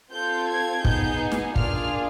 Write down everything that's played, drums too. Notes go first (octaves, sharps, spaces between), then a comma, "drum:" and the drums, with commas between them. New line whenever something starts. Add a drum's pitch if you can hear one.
C4 F4 A4 G6
G#6
B3 D#4 G#4 G6, drum: kick
drum: snare
A#3 D4 F4 G#4 F6, drum: kick